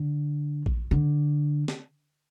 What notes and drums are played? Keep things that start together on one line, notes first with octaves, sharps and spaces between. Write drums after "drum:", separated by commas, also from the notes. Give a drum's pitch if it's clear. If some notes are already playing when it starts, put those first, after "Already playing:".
Already playing: D3
drum: kick A#1
D3
drum: snare